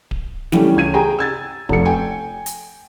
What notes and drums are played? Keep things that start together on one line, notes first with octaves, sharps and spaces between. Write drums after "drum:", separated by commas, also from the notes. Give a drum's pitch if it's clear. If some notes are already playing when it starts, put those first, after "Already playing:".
drum: kick D1
E3 G3 A3 C#4, drum: snare
C#2 C#4 G#6 D#7
G#4 G5 G#5 A#5
E6 G#6 A6
F1 F3 A3 A4 C#7, drum: kick D1
G5 G#5
drum: hi-hat